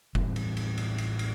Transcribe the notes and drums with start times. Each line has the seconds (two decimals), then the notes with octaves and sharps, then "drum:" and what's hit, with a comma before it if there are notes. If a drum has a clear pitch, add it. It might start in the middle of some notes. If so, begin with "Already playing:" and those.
0.15 A2 E3 G3 C4, drum: kick F1
0.36 drum: cymbal
0.57 drum: cymbal
0.78 drum: cymbal
0.98 drum: cymbal
1.19 drum: cymbal